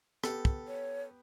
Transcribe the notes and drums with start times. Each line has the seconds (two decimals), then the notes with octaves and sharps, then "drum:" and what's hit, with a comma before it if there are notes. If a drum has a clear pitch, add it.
0.24 B3 G4 A4, drum: rim click
0.45 drum: kick
0.68 C#5